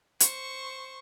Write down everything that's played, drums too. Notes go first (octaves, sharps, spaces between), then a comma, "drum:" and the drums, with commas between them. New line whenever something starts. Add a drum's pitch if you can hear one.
C5 C#6, drum: hi-hat